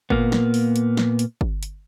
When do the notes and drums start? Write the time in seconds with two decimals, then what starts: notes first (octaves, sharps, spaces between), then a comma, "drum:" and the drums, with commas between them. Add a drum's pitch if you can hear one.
0.10 A#2 A#3 B3, drum: kick G1
0.32 drum: snare
0.54 drum: open hi-hat
0.76 drum: hi-hat
0.97 drum: snare
1.19 drum: hi-hat
1.41 drum: kick G1
1.63 drum: hi-hat